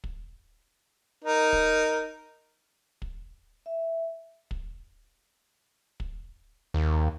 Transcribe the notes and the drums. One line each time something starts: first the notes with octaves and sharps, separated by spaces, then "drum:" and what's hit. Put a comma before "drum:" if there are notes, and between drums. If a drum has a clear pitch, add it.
drum: kick
D#4 A#4
drum: kick
drum: kick
E5
drum: kick
drum: kick
D#2